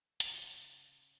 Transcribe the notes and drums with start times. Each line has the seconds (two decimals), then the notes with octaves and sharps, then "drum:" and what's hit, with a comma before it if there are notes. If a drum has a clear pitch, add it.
0.20 C#3, drum: hi-hat